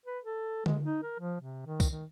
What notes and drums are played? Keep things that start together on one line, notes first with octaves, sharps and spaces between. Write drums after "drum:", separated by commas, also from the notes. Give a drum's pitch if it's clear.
B4
A4
G#3, drum: tom D3
D#4
A#4
F3
C3
D#3
drum: kick, tambourine
D#3